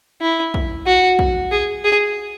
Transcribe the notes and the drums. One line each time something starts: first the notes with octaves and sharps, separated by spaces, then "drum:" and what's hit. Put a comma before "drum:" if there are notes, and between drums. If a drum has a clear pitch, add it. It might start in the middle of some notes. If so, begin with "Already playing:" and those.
E4
drum: kick
F#4
drum: kick
G#4
G#4